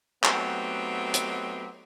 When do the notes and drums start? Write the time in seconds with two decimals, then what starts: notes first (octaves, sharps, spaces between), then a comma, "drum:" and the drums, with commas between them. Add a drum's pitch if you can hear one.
0.24 F#3 A3 B3 C4 D#4 G4, drum: clap
1.14 drum: hi-hat